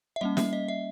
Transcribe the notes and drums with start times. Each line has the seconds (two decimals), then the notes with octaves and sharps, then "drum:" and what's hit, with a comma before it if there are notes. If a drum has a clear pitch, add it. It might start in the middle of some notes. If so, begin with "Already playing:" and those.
0.16 E5
0.21 G3 A#3 C#4 D#5
0.37 E5, drum: snare
0.53 D#5
0.68 E5